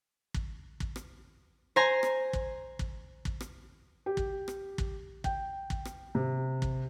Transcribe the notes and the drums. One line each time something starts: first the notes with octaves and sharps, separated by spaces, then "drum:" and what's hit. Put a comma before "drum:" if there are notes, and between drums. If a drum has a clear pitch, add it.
drum: kick
drum: kick
drum: rim click
C5 G#5 A#5 C6
drum: rim click
drum: kick
drum: kick
drum: kick
drum: rim click
G4
drum: kick
drum: rim click
drum: kick
G5, drum: kick
drum: kick
drum: rim click
C3
drum: kick